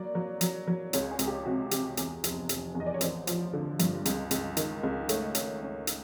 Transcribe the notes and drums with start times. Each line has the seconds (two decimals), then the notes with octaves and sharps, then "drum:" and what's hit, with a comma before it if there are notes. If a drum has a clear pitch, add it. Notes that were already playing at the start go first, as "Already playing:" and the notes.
Already playing: F#3 A#3 D5
0.15 F#3
0.41 F#3, drum: hi-hat
0.67 F#3
0.93 C#2 C#5, drum: hi-hat
1.11 G#4
1.19 C#2, drum: hi-hat
1.27 G4
1.45 C3 F#4
1.71 C3 G4, drum: hi-hat
1.97 E2 G#4, drum: hi-hat
2.24 F1, drum: hi-hat
2.49 F1, drum: hi-hat
2.75 E2
2.80 D#5
2.86 D5
2.94 C#5
3.01 A1 C5, drum: hi-hat
3.27 F3, drum: hi-hat
3.53 D3
3.79 G2, drum: hi-hat
4.05 C#2, drum: hi-hat
4.31 C#2, drum: hi-hat
4.57 D#3, drum: hi-hat
4.83 C#2
5.09 A3 C#5, drum: hi-hat
5.35 C#4, drum: hi-hat
5.62 C#4
5.87 drum: hi-hat